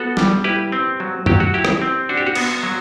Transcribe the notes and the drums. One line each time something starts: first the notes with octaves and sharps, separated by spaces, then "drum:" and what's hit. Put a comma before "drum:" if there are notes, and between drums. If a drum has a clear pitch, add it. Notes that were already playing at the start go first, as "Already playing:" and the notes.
Already playing: B3 F#4 A4
G3, drum: snare
E4 G4 B4
C4
F#3
F#3 G4, drum: tom F#2
F#4
E4 G4
drum: rim click
C4
D4 F#4
G4
F#4
B3, drum: cymbal
F#3